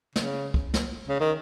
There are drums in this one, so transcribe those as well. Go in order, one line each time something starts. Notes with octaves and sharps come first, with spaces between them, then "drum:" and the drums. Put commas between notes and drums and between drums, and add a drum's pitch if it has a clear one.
C#3, drum: snare
drum: kick
drum: snare
C#3
D#3